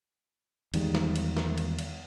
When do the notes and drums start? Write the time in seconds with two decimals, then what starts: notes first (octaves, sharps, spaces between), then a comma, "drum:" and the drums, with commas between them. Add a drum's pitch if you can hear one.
0.74 E2 D#3 G3 G#3, drum: cymbal
0.95 drum: snare
1.16 drum: cymbal
1.37 drum: snare
1.58 drum: cymbal
1.79 drum: cymbal